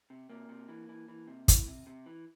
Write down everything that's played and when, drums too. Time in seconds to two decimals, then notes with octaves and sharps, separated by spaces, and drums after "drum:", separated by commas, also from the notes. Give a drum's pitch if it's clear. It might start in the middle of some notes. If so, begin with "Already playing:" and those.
0.10 C3
0.30 C3 A#3
0.49 C3
0.69 E3
0.89 E3
1.09 E3
1.28 C3
1.48 E3, drum: kick, hi-hat
1.68 C3
1.87 C3
2.06 E3